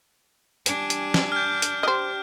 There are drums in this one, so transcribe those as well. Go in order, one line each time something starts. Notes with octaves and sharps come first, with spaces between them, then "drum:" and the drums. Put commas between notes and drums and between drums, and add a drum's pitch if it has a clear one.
G3 D4 G#5, drum: hi-hat
drum: hi-hat
drum: snare
F6 G6
drum: hi-hat
G4 C5 D#5 F6